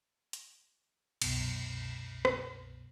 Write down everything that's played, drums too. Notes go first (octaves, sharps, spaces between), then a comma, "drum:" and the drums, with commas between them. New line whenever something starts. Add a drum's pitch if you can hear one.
drum: hi-hat
C2 F#2 B2, drum: cymbal
drum: rim click